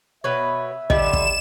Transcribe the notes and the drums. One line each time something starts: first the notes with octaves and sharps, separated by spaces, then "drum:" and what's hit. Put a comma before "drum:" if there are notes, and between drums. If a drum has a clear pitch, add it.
B2 B4 C#5 E5
D3 G3 D#5 E7, drum: kick
drum: kick